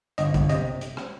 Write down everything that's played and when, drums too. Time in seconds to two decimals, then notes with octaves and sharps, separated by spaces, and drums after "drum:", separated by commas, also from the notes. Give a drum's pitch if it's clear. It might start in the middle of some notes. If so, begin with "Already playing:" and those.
0.18 G1 D#5, drum: hi-hat
0.34 G1, drum: kick, hi-hat
0.49 C3 D#5, drum: hi-hat
0.81 drum: hi-hat
0.97 drum: rim click